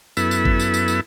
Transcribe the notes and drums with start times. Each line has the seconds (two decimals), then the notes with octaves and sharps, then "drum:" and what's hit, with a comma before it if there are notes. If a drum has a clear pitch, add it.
0.17 F#2 B3 E4 A4 B5 E6, drum: tambourine
0.31 drum: tambourine
0.45 drum: kick G1
0.59 drum: tambourine
0.74 drum: tambourine
0.88 drum: tambourine